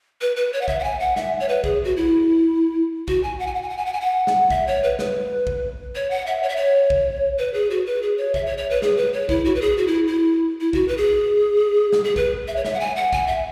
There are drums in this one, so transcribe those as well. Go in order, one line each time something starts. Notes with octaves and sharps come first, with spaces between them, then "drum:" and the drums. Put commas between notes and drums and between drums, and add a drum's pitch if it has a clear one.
B4
B4
C#5
F#5
E5, drum: kick A#1
F#5
G#5
F#5
E5, drum: snare
C#5
B4
G#4, drum: kick A#1
F#4
E4
F#4, drum: kick A#1
G#5
F#5
G#5
F#5
G#5
F#5
G#5
F#5
G#5
F#5
drum: snare
E5, drum: kick A#1
C#5
B4
B4, drum: snare
drum: kick A#1
C#5
F#5
E5
C#5
E5
C#5
drum: kick A#1
B4
G#4
F#4
B4
G#4
C#5
E5, drum: kick A#1
C#5
C#5
B4
G#4, drum: snare
B4
C#5
E4, drum: kick A#1
F#4
B4
G#4
F#4
E4
E4
E4
F#4, drum: kick A#1
B4
G#4
drum: snare
G#4
B4, drum: kick A#1
E5
C#5
E5, drum: snare
F#5
G#5
F#5
G#5, drum: kick A#1
E5